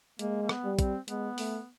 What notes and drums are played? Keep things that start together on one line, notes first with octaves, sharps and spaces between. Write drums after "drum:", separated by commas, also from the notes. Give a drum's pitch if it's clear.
G#3 A#3, drum: hi-hat
A#3
B3, drum: rim click
G3
C4, drum: kick, hi-hat
G#3 B3, drum: hi-hat
A3, drum: open hi-hat